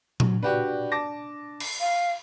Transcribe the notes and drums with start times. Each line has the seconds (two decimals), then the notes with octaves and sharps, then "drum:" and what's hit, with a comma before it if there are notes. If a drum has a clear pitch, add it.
0.20 F#3, drum: tom A#2
0.43 D4 F#4 G4 B4
0.92 A5 D6 A#6
1.60 drum: cymbal
1.81 F5